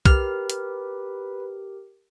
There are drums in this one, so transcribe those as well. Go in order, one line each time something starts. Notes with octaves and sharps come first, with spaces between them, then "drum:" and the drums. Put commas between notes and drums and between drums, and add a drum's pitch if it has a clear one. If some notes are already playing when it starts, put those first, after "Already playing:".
G4 A#4 B4 F6, drum: kick
drum: hi-hat